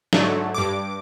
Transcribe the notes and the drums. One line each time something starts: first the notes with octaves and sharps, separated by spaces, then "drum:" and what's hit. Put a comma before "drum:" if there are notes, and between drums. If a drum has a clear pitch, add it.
G#2 D3 F#3 A3, drum: snare
G2 D6